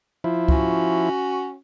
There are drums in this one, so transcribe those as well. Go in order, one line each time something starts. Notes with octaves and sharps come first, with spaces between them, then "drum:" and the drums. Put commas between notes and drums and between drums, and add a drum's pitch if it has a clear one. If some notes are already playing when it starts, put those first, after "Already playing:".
F3 E4
C#4 F#4, drum: kick C#2